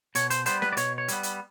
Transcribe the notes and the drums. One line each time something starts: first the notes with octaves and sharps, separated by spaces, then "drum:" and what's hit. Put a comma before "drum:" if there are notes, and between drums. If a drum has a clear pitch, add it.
B2 C#5, drum: hi-hat
C5, drum: hi-hat
G3 B3 C5, drum: hi-hat
B4, drum: snare
D5
B2 C#5, drum: hi-hat
C#5
G3 B3, drum: hi-hat
drum: hi-hat